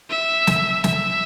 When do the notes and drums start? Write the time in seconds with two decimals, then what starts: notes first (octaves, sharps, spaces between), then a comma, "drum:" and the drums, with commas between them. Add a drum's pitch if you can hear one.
0.10 E5
0.47 drum: snare
0.84 E5, drum: snare